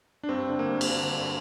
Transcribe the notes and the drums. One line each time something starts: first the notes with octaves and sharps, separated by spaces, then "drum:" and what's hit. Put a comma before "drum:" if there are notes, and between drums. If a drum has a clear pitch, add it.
D4
G2 C4
D3
A#3
G2
drum: cymbal
D3
G2